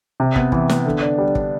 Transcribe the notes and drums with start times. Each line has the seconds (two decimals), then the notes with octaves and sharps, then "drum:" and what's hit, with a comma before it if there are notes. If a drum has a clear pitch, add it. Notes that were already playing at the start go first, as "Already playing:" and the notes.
0.20 C3
0.36 B3, drum: kick
0.52 E3, drum: kick
0.69 B3, drum: snare
0.86 D3
1.02 D4
1.18 G3
1.35 D4, drum: kick